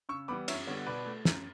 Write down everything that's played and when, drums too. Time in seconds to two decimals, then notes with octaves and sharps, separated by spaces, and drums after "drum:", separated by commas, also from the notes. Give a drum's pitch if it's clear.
0.09 C#3 C#6 E6
0.28 E3 G3 B3 B5 D6
0.48 F#2 C#5 E5, drum: cymbal
0.67 D3 G3 B3 C#5
0.86 B2 B4 D5
1.06 A3
1.25 F#2, drum: snare